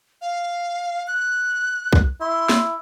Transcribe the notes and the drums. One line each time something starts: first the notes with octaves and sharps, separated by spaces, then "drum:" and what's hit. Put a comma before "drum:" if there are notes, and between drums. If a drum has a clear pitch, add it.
F5
F#6
drum: kick C2
E4 C6
drum: snare